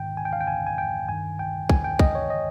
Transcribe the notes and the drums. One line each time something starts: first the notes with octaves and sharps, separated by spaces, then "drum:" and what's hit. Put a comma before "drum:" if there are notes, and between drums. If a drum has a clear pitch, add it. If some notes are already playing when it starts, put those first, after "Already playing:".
Already playing: G#2 D#3 G5
G#5
G5
F5
G5
G#5
G#5
G5
G2 D#3 G#5
G5
G#5, drum: kick
G5
D#5, drum: kick
C#5
D#5